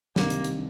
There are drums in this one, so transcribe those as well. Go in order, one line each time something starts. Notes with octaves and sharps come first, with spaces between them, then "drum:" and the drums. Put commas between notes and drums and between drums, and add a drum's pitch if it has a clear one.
C2 C3 D#3 A#3, drum: snare
drum: hi-hat
drum: hi-hat